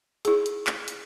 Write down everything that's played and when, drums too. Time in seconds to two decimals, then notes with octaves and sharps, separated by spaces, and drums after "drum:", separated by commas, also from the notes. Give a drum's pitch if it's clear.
0.25 E4 G#4, drum: hi-hat
0.46 drum: hi-hat
0.67 drum: clap
0.88 drum: hi-hat